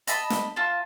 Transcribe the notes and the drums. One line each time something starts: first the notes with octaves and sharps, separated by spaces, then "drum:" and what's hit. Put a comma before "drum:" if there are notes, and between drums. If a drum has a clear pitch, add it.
D#5 A5 B5, drum: hi-hat
drum: snare
F4 A5